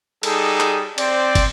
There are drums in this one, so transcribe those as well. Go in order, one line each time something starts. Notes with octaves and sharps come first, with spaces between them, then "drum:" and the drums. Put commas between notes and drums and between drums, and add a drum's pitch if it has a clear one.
G3 D#4 G#4 A4, drum: cymbal
drum: clap
C4 C5 D5, drum: cymbal
drum: kick, cymbal